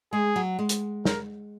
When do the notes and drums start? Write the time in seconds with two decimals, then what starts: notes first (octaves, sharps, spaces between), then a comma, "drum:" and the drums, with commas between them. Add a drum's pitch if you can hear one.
0.13 G#3 G#4
0.36 F#3
0.59 G#3
0.69 drum: hi-hat
1.05 A#4, drum: snare